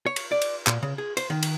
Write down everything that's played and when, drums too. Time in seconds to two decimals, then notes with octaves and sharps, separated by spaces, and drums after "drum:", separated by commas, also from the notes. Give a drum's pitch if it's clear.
0.06 C#5
0.16 drum: cymbal
0.32 D5
0.42 drum: cymbal
0.67 A#2, drum: clap
0.83 C#3
0.98 G#4
1.17 C5, drum: cymbal
1.30 D#3
1.43 drum: cymbal